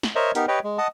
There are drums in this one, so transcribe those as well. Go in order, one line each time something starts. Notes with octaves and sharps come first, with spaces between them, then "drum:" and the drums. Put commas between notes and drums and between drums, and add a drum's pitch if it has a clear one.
drum: snare
A#4 C5 C#5 D#5 E5
B3 D#4 G4 A#4, drum: hi-hat
G4 B4 C#5 D#5 G5
G#3
D#5 F#5 A5 D#6